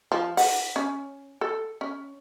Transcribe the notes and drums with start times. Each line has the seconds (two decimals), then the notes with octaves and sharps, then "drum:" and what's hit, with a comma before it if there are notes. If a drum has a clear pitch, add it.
0.12 F3
0.37 F#5, drum: open hi-hat
0.76 C#4
1.41 A4
1.81 C#4